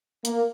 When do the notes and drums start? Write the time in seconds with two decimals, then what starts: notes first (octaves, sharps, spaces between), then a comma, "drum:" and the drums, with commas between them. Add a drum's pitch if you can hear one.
0.25 A#3, drum: hi-hat